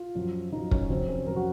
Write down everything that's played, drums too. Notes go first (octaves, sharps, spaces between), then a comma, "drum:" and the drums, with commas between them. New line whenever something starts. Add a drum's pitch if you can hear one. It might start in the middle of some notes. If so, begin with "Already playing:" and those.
Already playing: F4
F#2 F3
F#2 F3 D#4
C#4, drum: kick
F2 C3 F#3 C4
C#4
F2 C3 F#3 A#4
F#4